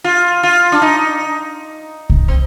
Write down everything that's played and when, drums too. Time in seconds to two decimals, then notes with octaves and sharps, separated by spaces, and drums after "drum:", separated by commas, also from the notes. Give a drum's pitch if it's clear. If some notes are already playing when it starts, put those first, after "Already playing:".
0.04 F4
0.43 F4
0.72 D4
0.82 D#4
2.10 drum: kick C2
2.28 C4